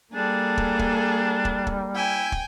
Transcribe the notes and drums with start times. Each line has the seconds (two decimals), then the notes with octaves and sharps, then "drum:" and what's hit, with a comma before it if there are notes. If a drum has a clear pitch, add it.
0.14 G3 A#3 D4 G#4 A4
0.57 drum: kick
0.79 drum: kick
1.45 drum: kick
1.67 drum: kick
1.95 E4 G5 G#5
2.32 drum: kick